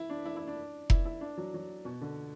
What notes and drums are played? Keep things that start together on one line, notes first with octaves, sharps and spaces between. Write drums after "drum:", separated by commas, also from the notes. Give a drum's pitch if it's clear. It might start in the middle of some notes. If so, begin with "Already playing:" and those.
Already playing: E4
D4
E4
E4
D4
E4, drum: kick F1
E4
D4
F#3
F#3
B2
D3